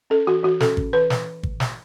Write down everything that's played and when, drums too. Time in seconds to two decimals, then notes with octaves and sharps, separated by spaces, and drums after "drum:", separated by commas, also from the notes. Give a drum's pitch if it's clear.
0.10 C#4 A4
0.27 E3 F#4
0.43 E3 F#4
0.60 C#4 A4, drum: snare
0.77 C#4, drum: kick
0.93 E3 B4
1.10 E3, drum: snare
1.43 drum: kick
1.60 drum: snare